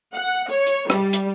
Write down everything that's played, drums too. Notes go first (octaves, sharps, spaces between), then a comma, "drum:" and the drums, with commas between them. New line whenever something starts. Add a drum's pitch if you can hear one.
F#5
C#5
drum: hi-hat
G3, drum: rim click
drum: hi-hat